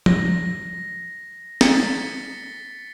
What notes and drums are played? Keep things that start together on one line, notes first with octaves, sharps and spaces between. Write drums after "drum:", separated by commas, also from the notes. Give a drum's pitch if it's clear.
A#6, drum: tom
A6 B6 C#7 G7, drum: snare